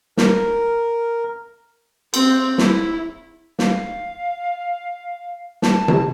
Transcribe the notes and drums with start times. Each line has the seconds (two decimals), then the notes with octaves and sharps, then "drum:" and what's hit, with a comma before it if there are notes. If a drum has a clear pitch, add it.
0.17 A#4, drum: snare
2.14 C4, drum: cymbal
2.58 E4, drum: snare
3.59 F5, drum: snare
5.62 A5, drum: snare
5.88 drum: tom C3